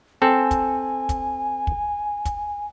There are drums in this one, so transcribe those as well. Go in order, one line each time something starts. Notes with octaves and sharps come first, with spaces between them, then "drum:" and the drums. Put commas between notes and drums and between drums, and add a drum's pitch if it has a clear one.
C4 A4 G#5
drum: kick, hi-hat
drum: kick, hi-hat
drum: kick
drum: kick, hi-hat